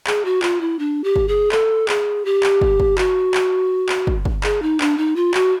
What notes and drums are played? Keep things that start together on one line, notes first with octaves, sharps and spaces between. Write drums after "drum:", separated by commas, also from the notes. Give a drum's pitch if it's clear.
G#4, drum: clap
F#4
F4, drum: clap
E4
D4
G4
drum: kick
G#4
A4, drum: clap
G#4, drum: clap
G4
drum: clap
drum: kick
drum: kick
F#4, drum: clap
drum: clap
drum: clap
drum: kick
drum: kick
G#4, drum: clap
D#4
D4, drum: clap
D#4
F4
F#4, drum: clap